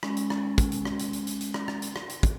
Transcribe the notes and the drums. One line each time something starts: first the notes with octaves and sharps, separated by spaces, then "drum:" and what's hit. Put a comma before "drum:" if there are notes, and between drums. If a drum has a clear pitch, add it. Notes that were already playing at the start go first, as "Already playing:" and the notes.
G#3 C#4, drum: rim click
drum: hi-hat
drum: rim click
drum: kick, hi-hat
drum: hi-hat
drum: rim click
drum: hi-hat
drum: hi-hat
drum: hi-hat
drum: hi-hat
drum: rim click
drum: rim click
drum: hi-hat
drum: rim click
drum: hi-hat
drum: kick, hi-hat